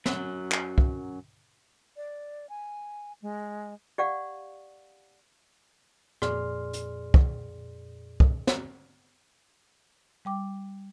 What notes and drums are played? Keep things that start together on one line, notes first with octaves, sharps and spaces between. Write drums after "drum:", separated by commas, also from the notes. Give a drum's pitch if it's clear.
F#2 F#3, drum: snare
drum: clap
drum: kick
D5
G#5
G#3
G4 D5 F5 F#5
F2 A#2 G#4 D5 C6 F6, drum: rim click
drum: hi-hat
drum: kick
drum: kick
drum: snare
G3 G5 D6